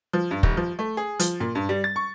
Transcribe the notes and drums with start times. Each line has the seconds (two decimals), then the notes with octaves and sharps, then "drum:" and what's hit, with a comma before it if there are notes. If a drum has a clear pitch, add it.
0.13 F3
0.31 G2
0.43 D#1, drum: kick
0.57 F3
0.79 A3
0.97 G#4
1.19 F3, drum: hi-hat
1.40 A#2
1.55 G2
1.69 G3
1.84 A6
1.96 C#6